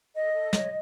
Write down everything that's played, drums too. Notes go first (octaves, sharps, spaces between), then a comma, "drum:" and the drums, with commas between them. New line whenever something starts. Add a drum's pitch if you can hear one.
A4 D#5
A4
C#5, drum: snare